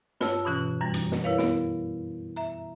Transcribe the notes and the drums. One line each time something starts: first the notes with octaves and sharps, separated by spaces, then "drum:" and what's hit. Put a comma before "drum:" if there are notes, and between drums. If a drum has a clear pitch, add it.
G2 F4 C#5 A5 E6, drum: snare
G2 B2 E3 C#4 F#6
F#2 E3 G3
drum: hi-hat
drum: snare
E4 A#4 B4 C#5 F5
B3, drum: snare
E5 A#5